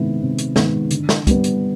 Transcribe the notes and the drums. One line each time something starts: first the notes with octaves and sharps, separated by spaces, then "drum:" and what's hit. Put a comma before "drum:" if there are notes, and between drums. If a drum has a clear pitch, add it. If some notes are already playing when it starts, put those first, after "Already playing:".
Already playing: C3 D#3 G#3 B3 E4
C3
drum: hi-hat
D#3 G#3 B3, drum: snare
D3, drum: hi-hat
drum: snare
G3 B3, drum: kick, hi-hat
drum: hi-hat